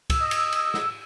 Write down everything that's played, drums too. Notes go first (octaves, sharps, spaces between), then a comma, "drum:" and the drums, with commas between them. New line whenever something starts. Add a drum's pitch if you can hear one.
E6, drum: kick, cymbal
D#5
drum: cymbal
drum: cymbal
drum: snare